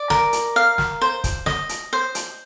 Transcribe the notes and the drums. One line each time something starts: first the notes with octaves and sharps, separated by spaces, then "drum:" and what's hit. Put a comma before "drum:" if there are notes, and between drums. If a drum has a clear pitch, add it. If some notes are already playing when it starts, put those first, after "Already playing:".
Already playing: D5
A#4, drum: snare
drum: hi-hat
F5
drum: snare
C5
drum: kick, hi-hat
D#5, drum: snare
drum: hi-hat
C5
drum: hi-hat